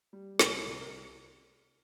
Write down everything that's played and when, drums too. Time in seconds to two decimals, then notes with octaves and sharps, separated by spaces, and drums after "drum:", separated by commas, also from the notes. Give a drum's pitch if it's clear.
0.13 G3
0.39 C2, drum: snare
0.66 C2
0.81 A#4